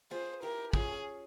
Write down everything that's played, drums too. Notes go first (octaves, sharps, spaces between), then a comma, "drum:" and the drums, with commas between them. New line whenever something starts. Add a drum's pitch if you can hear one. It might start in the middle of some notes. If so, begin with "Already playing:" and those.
F4 G#4 C5
E4 G4 A#4
C#4 F4 G#4, drum: kick